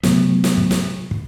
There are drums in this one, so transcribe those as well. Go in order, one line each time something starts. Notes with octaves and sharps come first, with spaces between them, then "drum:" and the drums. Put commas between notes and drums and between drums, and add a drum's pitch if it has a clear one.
C3 F#3 A3 B3, drum: snare
drum: snare
drum: kick
drum: snare
drum: kick